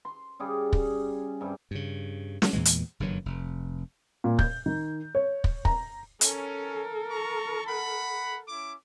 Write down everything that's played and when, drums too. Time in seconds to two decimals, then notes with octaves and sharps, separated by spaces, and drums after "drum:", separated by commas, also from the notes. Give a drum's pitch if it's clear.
0.05 C6
0.39 C#3 G3 G#4 D5
0.73 drum: kick
1.41 G2 C3 G3
1.71 G2 C#3
2.42 drum: snare
2.53 E2 A#2 E3 G#3
2.65 drum: hi-hat
3.00 F#1 G2 D#3 F#3
3.26 F1
4.24 A#2
4.39 G6, drum: kick
4.66 D#3
5.15 C#5
5.44 drum: kick
5.65 A#5, drum: kick
6.21 C#4 A4 A#4, drum: hi-hat
7.10 A5 A#5 C#6
7.66 F#5 B5
8.49 C#4 E4 D6